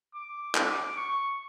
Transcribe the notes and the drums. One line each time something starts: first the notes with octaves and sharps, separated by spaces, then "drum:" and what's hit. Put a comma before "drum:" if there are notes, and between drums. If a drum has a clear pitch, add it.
D6
D6, drum: clap
C#6